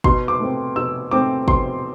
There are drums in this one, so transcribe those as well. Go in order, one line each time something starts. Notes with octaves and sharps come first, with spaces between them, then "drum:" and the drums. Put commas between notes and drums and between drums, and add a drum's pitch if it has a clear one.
B2 C6, drum: kick
D6
A3 C4
B2 E6
A3 C4 D6
B2 C6, drum: kick